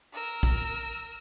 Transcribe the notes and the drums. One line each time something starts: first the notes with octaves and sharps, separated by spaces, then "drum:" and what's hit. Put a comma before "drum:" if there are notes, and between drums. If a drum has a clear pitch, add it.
A#4 E6
drum: kick